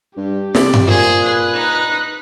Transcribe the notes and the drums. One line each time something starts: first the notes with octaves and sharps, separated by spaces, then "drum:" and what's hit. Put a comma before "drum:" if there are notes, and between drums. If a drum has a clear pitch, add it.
G2 G4
C3 D5, drum: snare
drum: tom G2
A#2 G#4 C5
B4 F#6
D#4